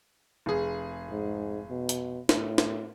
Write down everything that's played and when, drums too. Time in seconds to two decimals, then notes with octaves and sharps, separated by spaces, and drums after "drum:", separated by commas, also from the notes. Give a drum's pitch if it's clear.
0.46 F1 G#4
1.11 G#2
1.70 B2
1.89 drum: hi-hat
2.29 A2, drum: snare
2.58 drum: snare